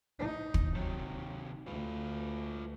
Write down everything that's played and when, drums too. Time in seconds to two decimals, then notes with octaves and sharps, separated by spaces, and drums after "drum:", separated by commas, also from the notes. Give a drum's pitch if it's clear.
0.19 D#4
0.54 drum: kick
0.75 C3 D#3 F#3
1.67 D2 F4 B4